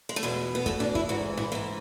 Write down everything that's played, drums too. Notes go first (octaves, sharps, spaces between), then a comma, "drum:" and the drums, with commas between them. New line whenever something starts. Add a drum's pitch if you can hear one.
G#3
A3
E2 B2 G#3
B3
E2 B2 A3, drum: kick
D4, drum: snare
E4, drum: kick
G#2 E3 F#4
E4, drum: snare
G#2 E3 E4